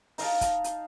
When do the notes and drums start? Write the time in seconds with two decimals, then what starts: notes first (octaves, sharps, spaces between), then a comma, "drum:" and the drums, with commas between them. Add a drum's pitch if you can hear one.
0.18 D#4 F5 A5, drum: open hi-hat
0.41 drum: kick, hi-hat
0.64 drum: hi-hat